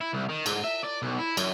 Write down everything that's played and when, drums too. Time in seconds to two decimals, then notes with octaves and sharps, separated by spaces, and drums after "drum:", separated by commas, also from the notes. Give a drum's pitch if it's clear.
0.01 E4
0.14 C2
0.29 D#3
0.46 G#2, drum: cymbal
0.64 E5
0.84 D5
1.03 B1
1.19 E4
1.37 F#2, drum: cymbal